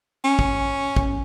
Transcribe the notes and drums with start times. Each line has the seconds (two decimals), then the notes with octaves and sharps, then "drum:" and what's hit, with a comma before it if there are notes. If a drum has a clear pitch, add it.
0.24 C#4
0.39 drum: kick
0.96 drum: kick